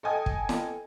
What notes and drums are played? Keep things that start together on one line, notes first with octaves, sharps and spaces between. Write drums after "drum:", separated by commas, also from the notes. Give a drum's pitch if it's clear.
A4 D#5 G5 G#5 D#6 G#6
drum: kick
drum: snare